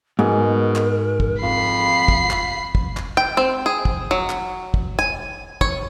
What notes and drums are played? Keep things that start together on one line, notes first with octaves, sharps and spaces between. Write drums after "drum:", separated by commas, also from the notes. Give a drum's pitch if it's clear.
G#2 B2 A#4
drum: clap
drum: kick
F2 F5 B5 C7
drum: kick
drum: clap
drum: kick
drum: clap
G5
C4
G#4
drum: kick
F#3
drum: clap
drum: kick
G#5
C#5, drum: kick